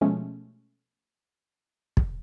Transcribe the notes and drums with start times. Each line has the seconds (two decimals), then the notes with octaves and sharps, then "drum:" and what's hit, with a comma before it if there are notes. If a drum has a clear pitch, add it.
0.01 B2 F3 G#3 A3 C#4
1.97 drum: kick